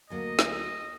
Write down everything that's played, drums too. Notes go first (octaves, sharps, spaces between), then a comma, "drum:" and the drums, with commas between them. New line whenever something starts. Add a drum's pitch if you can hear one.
D2 F#3 A#3 D#5
drum: snare